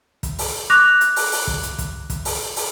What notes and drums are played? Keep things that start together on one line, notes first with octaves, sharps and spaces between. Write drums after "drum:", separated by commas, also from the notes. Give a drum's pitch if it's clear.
drum: kick, hi-hat
drum: open hi-hat
C#6 D6 F#6 A#6 F7
drum: hi-hat
drum: open hi-hat
drum: open hi-hat
drum: kick
drum: hi-hat
drum: kick, hi-hat
drum: kick, hi-hat
drum: open hi-hat
drum: open hi-hat